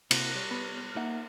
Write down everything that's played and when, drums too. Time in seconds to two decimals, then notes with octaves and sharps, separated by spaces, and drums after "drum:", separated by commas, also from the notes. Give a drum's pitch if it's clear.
0.11 C3 A#3 E4 F#4, drum: cymbal
0.35 G3 C#5
0.51 B3
0.78 F6
0.96 A#3 D#4 E5 F#5